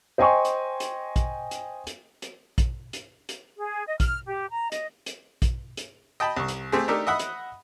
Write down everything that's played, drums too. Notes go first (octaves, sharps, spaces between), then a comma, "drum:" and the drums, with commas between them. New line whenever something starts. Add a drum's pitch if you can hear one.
C5 D#5 G5 G#5 C6 C#6
drum: hi-hat
drum: hi-hat
drum: kick A#1, hi-hat
drum: hi-hat
drum: hi-hat
drum: hi-hat
drum: kick A#1, hi-hat
drum: hi-hat
drum: hi-hat
G#4
D#5
F6, drum: kick A#1, hi-hat
G4
A#5
D#5, drum: hi-hat
drum: hi-hat
drum: kick A#1, hi-hat
drum: hi-hat
D#5 G5 A5 B5
C2 C#6
drum: hi-hat
A3 C4 G4 G#4
A3 D4 D#4 G4 A4 A#4
D#5 E5 F#5 B5 D#6
drum: hi-hat